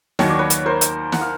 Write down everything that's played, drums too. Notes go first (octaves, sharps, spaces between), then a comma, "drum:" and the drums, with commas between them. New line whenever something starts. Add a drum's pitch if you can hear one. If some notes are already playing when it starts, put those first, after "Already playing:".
D#2 D#3 F#3 C#5, drum: snare
D5
B4 C#5
drum: hi-hat
A#4 C5
drum: hi-hat
F#5, drum: snare
F5